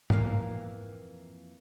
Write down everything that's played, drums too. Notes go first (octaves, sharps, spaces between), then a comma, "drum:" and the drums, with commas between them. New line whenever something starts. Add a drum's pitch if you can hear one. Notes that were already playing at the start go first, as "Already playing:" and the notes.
F2 E3 A#3 F5, drum: tom